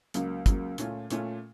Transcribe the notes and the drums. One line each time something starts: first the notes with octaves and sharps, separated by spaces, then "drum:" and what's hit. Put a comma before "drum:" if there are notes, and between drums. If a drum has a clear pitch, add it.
C#2 C#3 F#3 A#3, drum: hi-hat
C#2 C#3 F#3 A#3, drum: kick, hi-hat
A#2 A3 C#4 F4, drum: hi-hat
A#2 A3 C#4 F4, drum: hi-hat